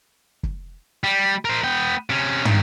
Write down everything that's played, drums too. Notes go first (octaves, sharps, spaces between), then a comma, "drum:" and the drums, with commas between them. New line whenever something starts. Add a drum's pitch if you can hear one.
drum: kick
G3
A#4 C5
B3 G5
C3 C#4
G2 D#3, drum: tom